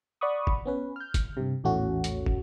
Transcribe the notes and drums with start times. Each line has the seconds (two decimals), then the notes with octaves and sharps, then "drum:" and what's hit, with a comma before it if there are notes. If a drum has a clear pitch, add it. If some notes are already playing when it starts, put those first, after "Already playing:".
0.21 D5 F#5 B5 C#6 D#6
0.47 drum: kick
0.65 B3 C#4 B4
0.96 F6 G6
1.14 drum: kick, hi-hat
1.37 G2 C3
1.64 A#1 E2 A2 A3 C#4 F#4
2.04 drum: hi-hat
2.26 drum: kick